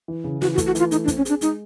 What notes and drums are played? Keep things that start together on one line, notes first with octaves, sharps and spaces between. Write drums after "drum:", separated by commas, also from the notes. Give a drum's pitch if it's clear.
E3
C#3
E3 F#4, drum: snare
F#4
A3, drum: kick, hi-hat
F#4
E3 F4, drum: hi-hat
A3 D#4, drum: hi-hat
D4
C4, drum: kick, hi-hat
C#4
D4 G#4, drum: hi-hat
G#3 D#4, drum: hi-hat